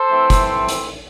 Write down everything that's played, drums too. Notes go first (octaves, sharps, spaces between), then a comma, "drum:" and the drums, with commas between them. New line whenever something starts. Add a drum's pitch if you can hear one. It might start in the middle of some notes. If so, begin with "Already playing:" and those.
Already playing: A4 C5
E3 A3 C4
drum: kick, hi-hat
drum: hi-hat